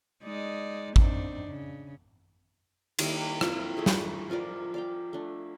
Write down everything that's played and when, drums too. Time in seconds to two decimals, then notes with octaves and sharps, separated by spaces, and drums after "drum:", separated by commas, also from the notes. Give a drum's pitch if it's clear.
0.24 G#3 D#4 D5
0.96 C4 D4 D#4, drum: kick
1.46 C#3
2.99 D#3 G3 A#3 E4, drum: cymbal
3.41 C4 E4 F4, drum: rim click
3.77 A3 E4 G#4
3.86 drum: snare
4.30 F3 F4 A#4 D5
4.74 D5 F5 G5
5.13 A3 D4